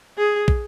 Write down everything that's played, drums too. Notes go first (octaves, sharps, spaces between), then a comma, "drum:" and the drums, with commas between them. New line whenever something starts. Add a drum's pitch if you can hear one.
G#4
drum: kick